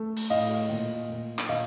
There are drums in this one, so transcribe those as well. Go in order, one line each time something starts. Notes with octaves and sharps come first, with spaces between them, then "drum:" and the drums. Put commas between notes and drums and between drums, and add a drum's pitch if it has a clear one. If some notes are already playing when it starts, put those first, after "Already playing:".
Already playing: A3
drum: cymbal
A2 D#5 F5
drum: open hi-hat
A#2
A#2
drum: clap
A#2 D#5 F5